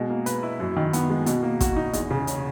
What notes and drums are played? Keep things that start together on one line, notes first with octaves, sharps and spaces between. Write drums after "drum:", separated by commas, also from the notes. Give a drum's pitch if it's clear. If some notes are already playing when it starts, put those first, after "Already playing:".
Already playing: B2 G#3
A#3
B4, drum: hi-hat
E4
F#2
D#3
B3, drum: hi-hat
G#3
B2, drum: hi-hat
A#3
F#4, drum: kick, hi-hat
D#4
E2, drum: hi-hat
C#3
C#4, drum: hi-hat